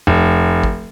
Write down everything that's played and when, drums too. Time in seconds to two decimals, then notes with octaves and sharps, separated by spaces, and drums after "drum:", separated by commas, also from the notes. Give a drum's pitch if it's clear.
0.07 F1
0.64 drum: kick